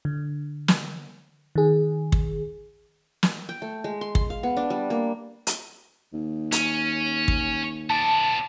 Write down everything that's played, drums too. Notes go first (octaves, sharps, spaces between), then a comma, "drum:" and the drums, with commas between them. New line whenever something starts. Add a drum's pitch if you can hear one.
D3
drum: snare
D#3 G#4
drum: kick
drum: snare
G5
A3
G#3
C6
C6, drum: kick
F5
B3
D4
G3
A#3
drum: hi-hat
D#2
C#4, drum: hi-hat
drum: kick
B3 D5 A5